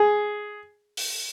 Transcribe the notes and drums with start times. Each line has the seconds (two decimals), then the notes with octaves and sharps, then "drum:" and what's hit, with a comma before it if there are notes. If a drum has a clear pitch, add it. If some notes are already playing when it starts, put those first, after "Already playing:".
Already playing: G#4
0.97 drum: open hi-hat